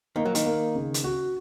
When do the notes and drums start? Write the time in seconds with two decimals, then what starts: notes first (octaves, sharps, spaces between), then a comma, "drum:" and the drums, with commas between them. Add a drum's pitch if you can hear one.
0.16 D#3 A#3
0.25 F#3
0.35 D#3, drum: hi-hat
0.45 A#3
0.75 C#3
0.94 drum: hi-hat
1.04 F#4